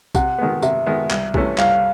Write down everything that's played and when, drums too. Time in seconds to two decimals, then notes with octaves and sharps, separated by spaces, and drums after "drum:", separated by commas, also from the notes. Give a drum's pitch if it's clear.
0.15 C3 F#5, drum: kick, tambourine
0.38 D#3 G#3 B3
0.62 C3 E5, drum: tambourine
0.86 D#3 G#3 B3
1.11 C2, drum: clap
1.34 C3 E3 A3 C#4, drum: kick
1.58 C2 F5, drum: clap